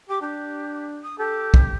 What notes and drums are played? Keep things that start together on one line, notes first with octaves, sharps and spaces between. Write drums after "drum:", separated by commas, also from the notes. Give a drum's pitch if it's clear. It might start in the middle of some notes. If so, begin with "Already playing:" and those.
G4 D6
D4 G4
D#6
G4 A4
drum: kick